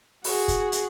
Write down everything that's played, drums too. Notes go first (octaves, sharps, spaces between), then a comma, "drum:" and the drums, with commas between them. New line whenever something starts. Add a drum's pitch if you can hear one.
F#4 G#4, drum: open hi-hat
drum: kick, hi-hat
drum: hi-hat